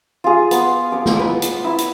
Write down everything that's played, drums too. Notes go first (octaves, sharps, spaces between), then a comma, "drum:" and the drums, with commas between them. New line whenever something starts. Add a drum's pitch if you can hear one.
F4 G#4
B3, drum: hi-hat
C#5 D6
drum: snare
B4
drum: hi-hat
E4
drum: hi-hat